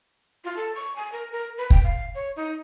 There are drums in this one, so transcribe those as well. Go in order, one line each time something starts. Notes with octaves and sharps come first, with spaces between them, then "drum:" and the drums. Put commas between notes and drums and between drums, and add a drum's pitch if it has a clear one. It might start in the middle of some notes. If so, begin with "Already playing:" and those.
F4
A4
C#6
G#5
A#4
A#4
B4
G5, drum: kick
F5
C#5
D#4